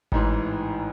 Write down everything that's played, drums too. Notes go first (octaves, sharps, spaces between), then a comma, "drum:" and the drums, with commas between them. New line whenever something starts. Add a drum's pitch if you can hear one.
A1 G#2 E3, drum: kick G#1